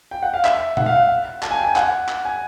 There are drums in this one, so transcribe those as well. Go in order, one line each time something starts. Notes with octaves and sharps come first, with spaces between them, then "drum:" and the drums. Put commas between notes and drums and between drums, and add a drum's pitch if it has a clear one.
G5
F#5
F5
E5, drum: clap
F#5, drum: tom A#2
F5
F#5
A5, drum: clap
G#5
G5
G#5
F#5, drum: clap
drum: clap
G#5